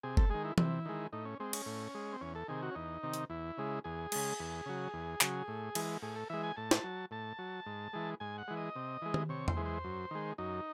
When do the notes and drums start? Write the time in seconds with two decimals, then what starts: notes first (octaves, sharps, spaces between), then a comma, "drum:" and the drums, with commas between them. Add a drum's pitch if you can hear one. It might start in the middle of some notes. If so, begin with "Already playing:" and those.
0.03 C3 G#4
0.17 A4, drum: kick F#1
0.30 D#3 G#3 G#4
0.45 E4
0.58 C3 E4, drum: tom E3
0.85 D#3 G#3
1.13 A2 D#4
1.25 C#4
1.40 G#3 C4
1.53 C#4, drum: cymbal
1.66 A2
1.95 G#3
2.13 C4
2.21 E2 C#4
2.35 A4
2.48 C3 D#3 G#4
2.62 F#4
2.71 C#4
2.75 E2 D#4
3.03 C3 D#3
3.13 drum: hi-hat
3.30 E2 E4
3.58 C#3 G#3
3.84 E2 G#4
4.12 C#3 G#3, drum: cymbal
4.39 E2
4.66 C#3 F#3
4.94 E2
5.21 C#3 F#3, drum: clap
5.48 A2
5.75 E3 G#3, drum: cymbal
6.02 A2 G#4
6.16 A4
6.30 E3 G#3 E5
6.43 G#5
6.56 A2 A5
6.71 drum: snare
6.84 F#3
7.11 A2 A5
7.39 F#3
7.66 G#2
7.93 E3 G#3
8.20 G#2 G#5
8.38 F#5
8.48 E3 G#3
8.57 D#5
8.76 C3
9.02 E3 G#3
9.14 drum: tom D#3
9.29 C3 C#5
9.48 C5, drum: tom E2
9.57 E3 G#3
9.66 C5
9.84 F#2
10.11 D#3 G#3
10.38 F#2 D#4